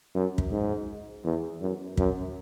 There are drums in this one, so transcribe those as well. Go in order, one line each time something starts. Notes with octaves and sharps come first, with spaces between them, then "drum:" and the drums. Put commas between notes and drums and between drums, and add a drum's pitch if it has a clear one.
F#2
drum: kick
G#2
E2
F#2
F#2, drum: kick